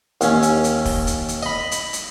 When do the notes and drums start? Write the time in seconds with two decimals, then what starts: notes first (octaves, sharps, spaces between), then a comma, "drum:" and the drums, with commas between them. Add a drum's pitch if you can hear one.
0.21 D#2 C#4, drum: hi-hat
0.42 drum: hi-hat
0.64 drum: hi-hat
0.85 drum: kick, open hi-hat
1.07 drum: hi-hat
1.28 drum: hi-hat
1.43 D#5 B5
1.71 drum: hi-hat
1.93 drum: hi-hat